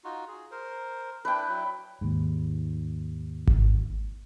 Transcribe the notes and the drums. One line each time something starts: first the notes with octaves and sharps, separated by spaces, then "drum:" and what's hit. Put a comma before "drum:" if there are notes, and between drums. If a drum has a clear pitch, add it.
D#4 F4 F#4
G#4
A#4 C5
D4 E4 B4 G5
F#3 E4
D#2 G#2
drum: kick G#1